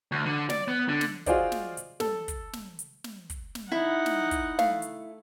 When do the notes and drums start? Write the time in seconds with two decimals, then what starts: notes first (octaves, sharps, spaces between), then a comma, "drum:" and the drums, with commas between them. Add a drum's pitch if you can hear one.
0.12 D2
0.26 D3
0.50 D5, drum: snare
0.68 B3
0.89 D3
1.01 drum: snare
1.26 F4 F#4 G#4 C5 D5 D#5, drum: kick, hi-hat
1.52 drum: snare
1.77 drum: hi-hat
2.00 A4, drum: snare
2.28 drum: kick, hi-hat
2.53 drum: snare
2.79 drum: hi-hat
3.04 drum: snare
3.30 drum: kick, hi-hat
3.55 drum: snare
3.72 D#4 E4 F#5
4.06 drum: snare
4.31 drum: kick, hi-hat
4.59 A3 F5, drum: snare
4.82 drum: hi-hat